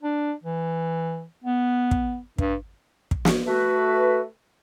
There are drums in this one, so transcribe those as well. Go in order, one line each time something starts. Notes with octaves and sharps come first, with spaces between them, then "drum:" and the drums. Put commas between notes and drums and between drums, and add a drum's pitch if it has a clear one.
D4
E3
B3
drum: kick
G2, drum: kick
drum: kick
drum: snare
A3 F#4 B4